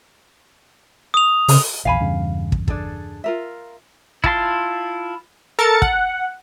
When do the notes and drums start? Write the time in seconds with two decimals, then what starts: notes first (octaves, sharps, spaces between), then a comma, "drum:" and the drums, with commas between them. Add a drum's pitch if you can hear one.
1.14 D#6 F7
1.48 C#3, drum: open hi-hat
1.85 A#1 E2 F5 G#5 B5
2.00 E2 G2 C#3
2.52 drum: kick
2.68 D4 G#4 A4, drum: kick
3.24 F4 A#4 E5
4.24 E4 F4 A5 C6, drum: kick
5.59 A4 A#4 A6 C#7
5.82 F#5, drum: kick